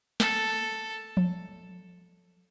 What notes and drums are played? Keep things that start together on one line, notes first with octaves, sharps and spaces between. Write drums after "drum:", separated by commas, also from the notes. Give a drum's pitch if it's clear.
A4, drum: snare
drum: tom F3